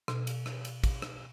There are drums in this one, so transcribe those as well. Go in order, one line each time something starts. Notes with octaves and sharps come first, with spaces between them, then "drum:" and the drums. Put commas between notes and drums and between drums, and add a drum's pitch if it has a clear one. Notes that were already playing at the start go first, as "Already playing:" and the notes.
B2, drum: rim click
drum: cymbal
drum: rim click
drum: cymbal
drum: kick, cymbal
drum: rim click